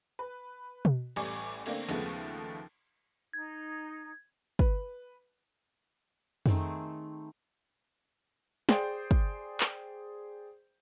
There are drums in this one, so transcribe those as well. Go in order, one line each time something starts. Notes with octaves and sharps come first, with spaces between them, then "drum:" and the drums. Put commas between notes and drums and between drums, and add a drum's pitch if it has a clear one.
B4
drum: tom B2
A1 G3 A3 G#5 C#6 D6, drum: cymbal
D3 A3 A#3 C4 D4, drum: cymbal
D#2 C#3 F3 G#3 A3 B3, drum: hi-hat
D#4 G#6
B4, drum: kick
D#3 A3 C4 G#4, drum: tom F2
G#4 C5 D5 G5, drum: snare
drum: kick
drum: clap